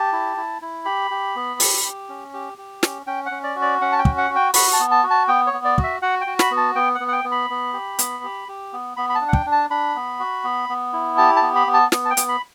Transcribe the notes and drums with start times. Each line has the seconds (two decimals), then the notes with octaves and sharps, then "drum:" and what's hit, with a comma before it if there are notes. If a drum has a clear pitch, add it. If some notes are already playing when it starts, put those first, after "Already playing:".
Already playing: G4 A5
0.13 E4
0.37 E4
0.62 E4
0.85 G4 B5
1.11 G4
1.36 B3
1.60 G4, drum: open hi-hat
1.84 G4
2.09 C#4
2.34 G4
2.58 G4
2.83 C#4, drum: snare
3.06 C#4 G5
3.26 F#5
3.31 C#4
3.44 D5
3.56 F#4
3.62 D5
3.81 C#4 F#5
3.92 A5
3.99 G5
4.05 F#4, drum: kick
4.18 F#5
4.30 F#4
4.36 G5
4.54 F#4 B5, drum: open hi-hat
4.73 A5
4.80 B3
4.91 A5
5.03 F#4
5.10 A5
5.28 B3 G5
5.47 C#5
5.53 B3
5.65 D5
5.78 F#4, drum: kick
5.83 E5
6.02 F#4 F#5
6.21 G5
6.27 F#4
6.39 B5, drum: snare
6.51 B3
6.57 A5
6.75 B3 G5
6.95 F#5
7.00 B3
7.08 F#5
7.12 G5
7.24 B3
7.32 B5
7.50 B3
7.73 G4
7.99 B3, drum: hi-hat
8.24 G4
8.48 G4
8.73 B3
8.97 B3 B5
9.10 B5
9.15 A5
9.21 D4
9.28 F#5
9.33 G5, drum: kick
9.46 D4
9.52 A5
9.70 D4 B5
9.95 B3
10.20 F#4
10.44 B3
10.69 B3
10.93 E4
11.18 G4 A5
11.36 A5
11.42 B3
11.55 B5
11.67 B3
11.74 A5
11.92 B3, drum: snare
12.05 A5
12.10 G5
12.17 B3, drum: hi-hat
12.29 B5